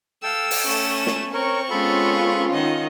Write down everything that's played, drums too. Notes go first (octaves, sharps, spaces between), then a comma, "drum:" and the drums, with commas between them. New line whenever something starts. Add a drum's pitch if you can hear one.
A4 F5 G5 E6
drum: open hi-hat
A3 C#4 E7
drum: snare
C4 A#4 C#5 C#6
G#3 B3 C#4 F4 A4 B5
D#3 D#5 F#5